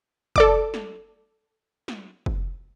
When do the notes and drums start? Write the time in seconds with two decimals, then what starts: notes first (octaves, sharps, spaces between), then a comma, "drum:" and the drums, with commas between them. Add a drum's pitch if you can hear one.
0.36 A4 D5 D6, drum: kick
0.74 drum: snare
1.88 drum: snare
2.26 drum: kick